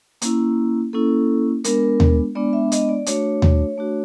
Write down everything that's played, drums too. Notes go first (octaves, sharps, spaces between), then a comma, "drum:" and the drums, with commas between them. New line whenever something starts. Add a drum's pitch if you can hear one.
A#3 C#4 E4, drum: hi-hat
A#3 C#4 E4 A4
G#3 B3 D4 A#4, drum: hi-hat
drum: tom D#2
G#3 B3 D4 D5
E5
D#5, drum: hi-hat
D5
A3 D4 F#4 C#5, drum: hi-hat
drum: tom D#2
A3 D4 F#4